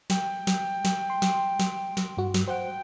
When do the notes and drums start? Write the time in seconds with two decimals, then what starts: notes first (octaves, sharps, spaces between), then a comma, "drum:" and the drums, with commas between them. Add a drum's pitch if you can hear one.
0.10 G5, drum: snare
0.47 drum: snare
0.85 drum: snare
1.10 C6
1.22 drum: snare
1.59 drum: snare
1.97 drum: snare
2.17 G2 F#4
2.34 drum: snare
2.48 C5 F#5 G5